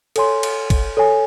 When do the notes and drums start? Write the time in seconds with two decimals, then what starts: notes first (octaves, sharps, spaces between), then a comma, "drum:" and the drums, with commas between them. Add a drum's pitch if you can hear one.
0.16 A4 C#5 G#5 C6, drum: cymbal
0.43 drum: cymbal
0.70 drum: kick, cymbal
0.97 A4 C#5 G#5